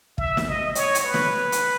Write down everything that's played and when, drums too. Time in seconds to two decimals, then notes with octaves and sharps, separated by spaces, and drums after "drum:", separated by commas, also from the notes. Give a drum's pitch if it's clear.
0.18 E5, drum: kick
0.37 drum: snare
0.47 D#5
0.75 C#5, drum: hi-hat
0.95 drum: hi-hat
1.04 B4
1.14 drum: snare
1.52 drum: hi-hat